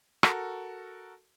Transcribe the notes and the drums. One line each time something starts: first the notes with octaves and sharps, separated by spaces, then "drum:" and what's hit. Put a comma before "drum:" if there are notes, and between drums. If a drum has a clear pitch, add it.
F#4 A4 A#4, drum: rim click